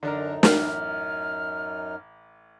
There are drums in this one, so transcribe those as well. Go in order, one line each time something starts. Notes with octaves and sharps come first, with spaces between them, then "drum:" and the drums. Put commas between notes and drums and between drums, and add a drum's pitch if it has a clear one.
F#2 D3 D4 D#4 A#4
A1 F6, drum: snare